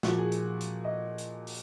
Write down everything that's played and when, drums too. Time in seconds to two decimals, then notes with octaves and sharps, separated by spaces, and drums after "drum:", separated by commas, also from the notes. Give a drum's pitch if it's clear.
0.03 A#2 F3 F#4, drum: snare
0.18 G#4
0.32 drum: hi-hat
0.61 drum: hi-hat
0.85 D#5
1.18 drum: hi-hat
1.47 drum: open hi-hat